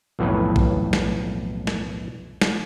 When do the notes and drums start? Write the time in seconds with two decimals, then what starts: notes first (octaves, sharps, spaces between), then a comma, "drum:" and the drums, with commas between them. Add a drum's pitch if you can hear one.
0.19 B1 F2 A2 E3 C#4 B4
0.56 drum: kick A#1
0.93 drum: snare
1.67 drum: snare
2.42 drum: snare